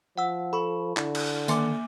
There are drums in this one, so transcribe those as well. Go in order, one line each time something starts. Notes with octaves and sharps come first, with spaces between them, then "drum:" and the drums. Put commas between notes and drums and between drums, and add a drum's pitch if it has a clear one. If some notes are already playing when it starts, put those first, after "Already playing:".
F3 F#5 E6
A4 B5 C#6
D3 E4, drum: clap
drum: cymbal
D#3 A#3 E5 G#5 C6 D6, drum: tambourine